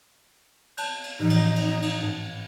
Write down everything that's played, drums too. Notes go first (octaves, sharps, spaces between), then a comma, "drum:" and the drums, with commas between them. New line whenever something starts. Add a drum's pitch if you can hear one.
A5 F#6 G6, drum: cymbal
drum: cymbal
A2 E3 F3 D#4
drum: cymbal
drum: cymbal
drum: cymbal
G#2